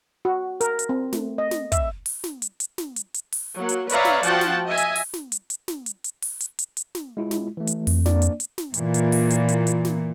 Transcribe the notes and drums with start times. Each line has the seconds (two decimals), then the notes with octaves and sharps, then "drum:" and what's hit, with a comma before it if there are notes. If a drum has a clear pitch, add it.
0.25 F#4
0.61 A#4, drum: hi-hat
0.79 drum: hi-hat
0.89 C4
1.13 A3, drum: snare
1.38 D#5
1.51 drum: snare
1.72 E5, drum: kick, hi-hat
2.06 drum: open hi-hat
2.24 drum: snare
2.42 drum: hi-hat
2.60 drum: hi-hat
2.78 drum: snare
2.96 drum: hi-hat
3.14 drum: hi-hat
3.32 drum: open hi-hat
3.57 F#3 A#3
3.69 drum: hi-hat
3.89 B4 C#5 D5 E5 F5 A#5, drum: hi-hat
4.05 drum: snare
4.23 F3 F#4 F#5 G5 A5, drum: hi-hat
4.41 drum: snare
4.68 D#5 E5 G#5
4.77 drum: hi-hat
4.96 drum: open hi-hat
5.14 drum: snare
5.32 drum: hi-hat
5.50 drum: hi-hat
5.68 drum: snare
5.86 drum: hi-hat
6.04 drum: hi-hat
6.22 drum: open hi-hat
6.40 drum: hi-hat
6.59 drum: hi-hat
6.77 drum: hi-hat
6.95 drum: snare
7.17 G#3 E4 F4
7.31 drum: snare
7.57 E3 A3
7.67 drum: hi-hat
7.87 F2, drum: open hi-hat
8.06 A#3 D4 D5, drum: snare
8.22 drum: hi-hat
8.40 drum: hi-hat
8.58 drum: snare
8.74 A#2 E3, drum: hi-hat
8.94 drum: hi-hat
9.12 drum: open hi-hat
9.30 drum: hi-hat
9.48 drum: hi-hat
9.67 drum: hi-hat
9.85 drum: snare